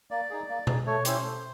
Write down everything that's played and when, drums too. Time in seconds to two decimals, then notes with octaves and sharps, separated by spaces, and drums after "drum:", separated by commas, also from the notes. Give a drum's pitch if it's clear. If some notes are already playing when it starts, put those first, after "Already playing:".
0.11 A#3 D5
0.30 D#4 G#4
0.49 A#3
0.67 D#4 G#4, drum: tom B2
0.86 A3 C#5
1.05 C#4 E4 G4 C5, drum: hi-hat
1.23 A3